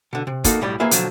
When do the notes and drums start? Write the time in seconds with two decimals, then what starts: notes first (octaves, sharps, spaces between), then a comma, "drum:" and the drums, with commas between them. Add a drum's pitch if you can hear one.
0.13 B2 D3
0.27 C3
0.44 A#3 D#4 F#4 A4 A#4, drum: kick, hi-hat
0.61 B1 A2 G3 D5
0.80 A#3 F4 G#4 B4 E5
0.91 B2 D3 F3 F#3, drum: hi-hat